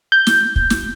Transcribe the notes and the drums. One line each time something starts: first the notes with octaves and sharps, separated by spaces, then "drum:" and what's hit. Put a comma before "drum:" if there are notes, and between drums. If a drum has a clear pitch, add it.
G6
drum: snare
drum: kick
drum: snare